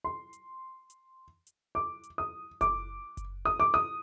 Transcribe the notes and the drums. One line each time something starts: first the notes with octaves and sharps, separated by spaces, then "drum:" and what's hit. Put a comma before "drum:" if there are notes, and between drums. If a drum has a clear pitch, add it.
C6
drum: hi-hat
drum: hi-hat
drum: hi-hat
D6
drum: hi-hat
D#6
D6, drum: kick F#1, hi-hat
drum: kick F#1, hi-hat
D#6
D6
D#6